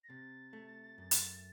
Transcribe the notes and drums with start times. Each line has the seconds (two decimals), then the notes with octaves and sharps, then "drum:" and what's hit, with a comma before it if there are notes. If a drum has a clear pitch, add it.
0.04 A#6
0.09 C3 A6
0.53 A3
0.98 F#2
1.11 drum: hi-hat